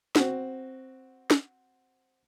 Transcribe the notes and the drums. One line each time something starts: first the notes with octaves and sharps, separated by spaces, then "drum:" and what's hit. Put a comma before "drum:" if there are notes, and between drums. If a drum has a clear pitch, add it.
C4 F#4, drum: snare
drum: snare